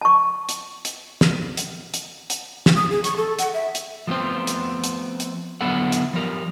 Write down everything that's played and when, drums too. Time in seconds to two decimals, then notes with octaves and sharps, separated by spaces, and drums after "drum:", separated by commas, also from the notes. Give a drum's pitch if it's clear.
0.01 A5 C#6
0.49 drum: hi-hat
0.85 drum: hi-hat
1.21 drum: snare
1.57 drum: hi-hat
1.94 drum: hi-hat
2.30 drum: hi-hat
2.66 drum: snare
2.76 D#6
2.90 G#4
3.04 C#6, drum: hi-hat
3.17 A4
3.39 F#5, drum: hi-hat
3.54 E5
3.75 drum: hi-hat
4.07 F3 A3 B3 C4 C5
4.47 drum: hi-hat
4.84 drum: hi-hat
5.20 drum: hi-hat
5.61 D3 F#3 B3 E4 A4 F#5
5.92 drum: hi-hat
6.13 F3 G3 A#4